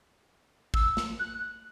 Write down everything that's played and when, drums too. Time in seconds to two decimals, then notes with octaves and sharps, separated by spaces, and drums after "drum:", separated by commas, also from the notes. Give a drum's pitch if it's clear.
0.74 E6, drum: kick
0.97 drum: snare
1.19 F#6